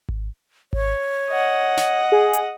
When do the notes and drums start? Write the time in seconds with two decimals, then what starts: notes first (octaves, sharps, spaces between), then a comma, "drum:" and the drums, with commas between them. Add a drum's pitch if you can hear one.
0.09 drum: kick G#1
0.73 C#5, drum: kick G#1
1.31 D#5 F#5
1.77 drum: snare
2.12 G#4
2.33 drum: hi-hat